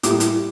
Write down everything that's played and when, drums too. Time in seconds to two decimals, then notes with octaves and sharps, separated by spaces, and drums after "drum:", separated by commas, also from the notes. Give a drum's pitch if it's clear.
0.03 A2 G3 A#3 D6, drum: hi-hat
0.20 drum: hi-hat